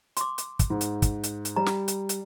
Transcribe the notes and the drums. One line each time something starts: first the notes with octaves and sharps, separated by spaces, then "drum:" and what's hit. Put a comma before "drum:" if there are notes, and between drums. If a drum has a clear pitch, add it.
C6 D6, drum: hi-hat
drum: hi-hat
drum: kick, hi-hat
G#2
drum: hi-hat
drum: kick, hi-hat
drum: hi-hat
drum: hi-hat
G3 A#5
drum: snare
drum: hi-hat
drum: hi-hat